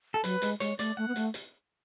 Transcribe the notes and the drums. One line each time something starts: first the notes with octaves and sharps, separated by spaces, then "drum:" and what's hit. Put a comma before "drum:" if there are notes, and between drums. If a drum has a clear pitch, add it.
A4
F#3 B4, drum: hi-hat
G#3, drum: hi-hat
G#3 C#5, drum: hi-hat
A3 D5, drum: hi-hat
A3 F#5
B3
A3, drum: hi-hat
drum: hi-hat